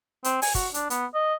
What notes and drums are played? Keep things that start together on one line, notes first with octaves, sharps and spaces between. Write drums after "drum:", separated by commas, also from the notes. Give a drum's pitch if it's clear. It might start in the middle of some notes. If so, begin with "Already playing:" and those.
C4, drum: hi-hat
G#5, drum: open hi-hat
F#4, drum: kick, hi-hat
D4, drum: hi-hat
B3, drum: hi-hat
D#5